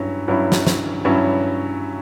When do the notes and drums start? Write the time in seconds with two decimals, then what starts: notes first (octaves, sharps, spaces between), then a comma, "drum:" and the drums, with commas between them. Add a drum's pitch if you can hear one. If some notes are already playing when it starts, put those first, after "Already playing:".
Already playing: G2 F#3 C#4 E4
0.28 G2 F#3 C#4 E4
0.52 drum: snare
0.67 drum: snare
1.05 G2 F#3 C#4 E4